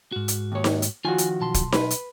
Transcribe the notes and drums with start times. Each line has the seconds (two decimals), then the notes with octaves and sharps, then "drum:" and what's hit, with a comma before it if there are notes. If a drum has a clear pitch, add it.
0.12 G#2 F#4
0.28 drum: hi-hat
0.52 D#2 C#5
0.64 drum: snare D#4
0.82 drum: hi-hat
1.05 D#3 F3 F4 F#4 G#5
1.18 drum: hi-hat
1.41 B1 A5 C6
1.54 drum: kick, hi-hat
1.72 B4, drum: snare D#4
1.90 drum: hi-hat